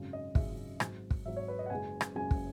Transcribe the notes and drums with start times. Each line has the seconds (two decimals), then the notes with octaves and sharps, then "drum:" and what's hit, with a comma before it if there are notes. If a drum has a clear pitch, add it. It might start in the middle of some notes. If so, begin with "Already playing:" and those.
Already playing: G#1 F#2 C#3 G#3
0.13 D#5
0.35 G#1 F#2 C#3 G#3 E5, drum: kick
0.80 G#1 G#2 F#3, drum: rim click
1.11 drum: kick
1.25 G#1 G#2 F#3 E5
1.36 C#5
1.48 B4
1.59 D#5
1.66 F#5
1.70 F#1 F#2 C#3 G#3 G#5
2.01 drum: rim click
2.15 F#1 F#2 C#3 G#3 G#5
2.31 drum: kick